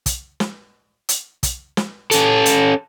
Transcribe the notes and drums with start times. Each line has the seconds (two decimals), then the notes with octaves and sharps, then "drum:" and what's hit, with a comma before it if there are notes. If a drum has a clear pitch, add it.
0.06 drum: kick, hi-hat
0.40 drum: snare
1.09 drum: hi-hat
1.43 drum: kick, hi-hat
1.77 drum: snare
2.11 C#4 A4, drum: hi-hat
2.46 drum: hi-hat